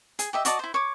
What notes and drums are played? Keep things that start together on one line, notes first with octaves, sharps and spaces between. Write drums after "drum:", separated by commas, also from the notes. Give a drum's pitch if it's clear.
G#4, drum: hi-hat
G4 D#5 E5
F#4 D5 D#5 A5, drum: hi-hat
E4 C5
C#5 D6